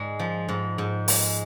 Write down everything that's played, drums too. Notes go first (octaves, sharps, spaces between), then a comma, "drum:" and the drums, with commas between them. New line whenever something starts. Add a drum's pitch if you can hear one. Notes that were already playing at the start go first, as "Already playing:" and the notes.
Already playing: G#2 G#3 D5
F3
G#2
G#2
G#3, drum: open hi-hat